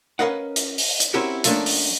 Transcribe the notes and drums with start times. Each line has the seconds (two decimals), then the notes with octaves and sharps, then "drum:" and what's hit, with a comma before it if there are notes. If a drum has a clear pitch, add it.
0.19 C#4 A#4 B4 D#5 F5 F#5
0.56 drum: hi-hat
0.78 drum: open hi-hat
1.00 drum: hi-hat
1.14 C4 C#4 E4 F#4 G4 A#4
1.44 F3 A3 A#3 C#4 D4, drum: hi-hat
1.66 drum: open hi-hat